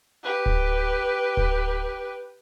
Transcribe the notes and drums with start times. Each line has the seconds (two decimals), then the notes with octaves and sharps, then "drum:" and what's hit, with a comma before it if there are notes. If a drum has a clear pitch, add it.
0.23 G4 B4
0.46 drum: kick D1
1.37 drum: kick D1